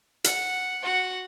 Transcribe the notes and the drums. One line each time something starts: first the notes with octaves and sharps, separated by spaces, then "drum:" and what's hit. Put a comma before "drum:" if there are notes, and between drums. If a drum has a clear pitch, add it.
F#5, drum: hi-hat
F#4 F#5